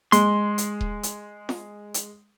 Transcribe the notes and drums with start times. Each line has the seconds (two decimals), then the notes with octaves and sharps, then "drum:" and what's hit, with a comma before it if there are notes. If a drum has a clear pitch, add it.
0.12 G#3 C6, drum: hi-hat
0.58 drum: hi-hat
0.81 drum: kick D#1
1.03 drum: hi-hat
1.49 drum: snare F4
1.94 drum: hi-hat